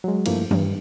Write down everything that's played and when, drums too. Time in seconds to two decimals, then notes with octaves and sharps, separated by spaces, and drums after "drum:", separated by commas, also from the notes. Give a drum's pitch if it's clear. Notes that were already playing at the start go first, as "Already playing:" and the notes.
0.04 F#3 G#3
0.26 G2 F3 A3 A#3 E4, drum: cymbal
0.51 G2, drum: tom D#3